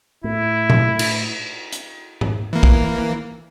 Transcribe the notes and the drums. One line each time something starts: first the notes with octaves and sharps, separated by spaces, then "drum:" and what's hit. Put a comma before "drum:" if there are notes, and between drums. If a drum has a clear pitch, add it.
A2 E4
drum: tom A#2
drum: cymbal
drum: hi-hat
drum: tom G#2
E3 A#3
drum: kick